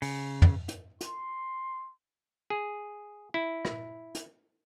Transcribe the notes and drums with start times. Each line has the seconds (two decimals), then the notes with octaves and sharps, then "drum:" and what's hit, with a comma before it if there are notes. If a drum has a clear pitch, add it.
0.02 C#3, drum: open hi-hat
0.42 drum: tom
0.69 drum: hi-hat
1.01 C6, drum: hi-hat
2.50 G#4
3.34 E4
3.65 drum: rim click
4.15 drum: hi-hat